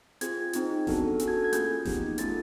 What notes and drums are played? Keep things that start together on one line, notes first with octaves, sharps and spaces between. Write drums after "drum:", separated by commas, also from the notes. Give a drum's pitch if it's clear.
C4 F4 G#4 G#6, drum: hi-hat
C4 D#4 G#4, drum: hi-hat
B3 D4 F#4 A4, drum: snare F1
C#4 F#4 A4, drum: hi-hat
G#6
G#6
A#3 C#4 F4 G#4 G6, drum: hi-hat
B3 D#4 G4, drum: snare F1
A3 C#4 F4 A4 A6, drum: hi-hat